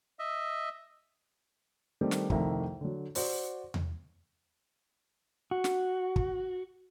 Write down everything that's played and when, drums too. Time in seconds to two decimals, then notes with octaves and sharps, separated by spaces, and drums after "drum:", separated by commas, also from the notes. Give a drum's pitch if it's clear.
0.19 D#5 E5
2.01 D#3 G3 A3 C4
2.11 drum: snare
2.30 C2 F2 D#3 A3 E5 A#5, drum: kick
2.81 D3 F#3
3.15 F#4 C5 D5, drum: open hi-hat
3.74 drum: tom E2
5.51 F#4
5.64 drum: snare
6.16 drum: kick